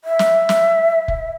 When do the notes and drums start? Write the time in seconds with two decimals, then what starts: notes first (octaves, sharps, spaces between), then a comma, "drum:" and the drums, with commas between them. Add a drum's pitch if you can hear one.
0.04 E5
0.19 drum: snare
0.49 drum: snare
1.08 drum: kick F1